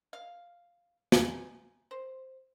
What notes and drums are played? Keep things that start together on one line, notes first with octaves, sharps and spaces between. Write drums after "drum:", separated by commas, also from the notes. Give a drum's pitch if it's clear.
F5
G#5, drum: snare
C5